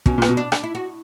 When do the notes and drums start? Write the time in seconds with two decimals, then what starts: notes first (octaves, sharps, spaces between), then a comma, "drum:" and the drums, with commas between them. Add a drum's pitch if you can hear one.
0.06 B2 C#4, drum: kick
0.18 A#2
0.22 B3, drum: rim click
0.28 B2
0.37 D4
0.52 D4, drum: rim click
0.64 E4
0.75 F#4